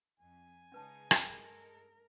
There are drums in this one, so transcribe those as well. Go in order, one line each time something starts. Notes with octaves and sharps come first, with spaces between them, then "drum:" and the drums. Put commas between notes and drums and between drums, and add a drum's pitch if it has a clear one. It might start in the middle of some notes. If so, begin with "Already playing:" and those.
F2 G#5
C#3 G#3 C#4 D#4 B4 A5
drum: rim click
G2 G#3 A4 A#4